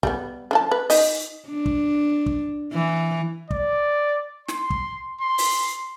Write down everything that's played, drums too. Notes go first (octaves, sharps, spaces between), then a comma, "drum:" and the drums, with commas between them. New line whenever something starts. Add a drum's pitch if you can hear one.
G3 G#3 B3, drum: kick
D3 F3 A5
B4
D#4 D#5, drum: open hi-hat
D4
drum: kick
drum: kick
E3
D5, drum: kick
C6, drum: snare
drum: kick
C6
drum: open hi-hat